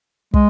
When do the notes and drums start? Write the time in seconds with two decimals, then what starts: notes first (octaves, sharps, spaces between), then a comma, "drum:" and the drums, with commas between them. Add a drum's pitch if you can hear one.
0.34 G#3, drum: kick